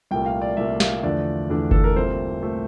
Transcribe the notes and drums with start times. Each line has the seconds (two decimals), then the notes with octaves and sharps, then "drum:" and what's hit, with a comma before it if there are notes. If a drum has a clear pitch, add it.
0.11 C2 A#2 A3 G5
0.26 F5
0.42 D5
0.57 C2 A#2 A3 E5
0.80 F5, drum: snare
1.03 E2 D3 F3 A3 D4 D5
1.49 E2 D3 F3 A3 D4
1.71 A4, drum: kick F#1
1.84 A#4
1.96 C2 A#2 A3 C4 C5
2.42 A#2 A3 C4